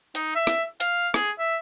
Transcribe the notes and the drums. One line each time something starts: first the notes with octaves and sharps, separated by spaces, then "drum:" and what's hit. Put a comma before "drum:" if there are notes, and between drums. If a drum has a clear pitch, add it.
D#4, drum: hi-hat
E5
drum: rim click
F5, drum: hi-hat
G#4, drum: rim click
E5